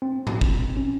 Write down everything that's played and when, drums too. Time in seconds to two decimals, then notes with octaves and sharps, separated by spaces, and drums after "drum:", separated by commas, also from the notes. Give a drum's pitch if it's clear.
0.02 C4
0.27 drum: tom G#2
0.41 drum: kick
0.77 C#4